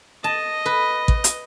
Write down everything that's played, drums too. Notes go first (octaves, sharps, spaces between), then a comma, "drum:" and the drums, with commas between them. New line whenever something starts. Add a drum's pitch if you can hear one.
D#5 A5
B4
drum: kick
drum: hi-hat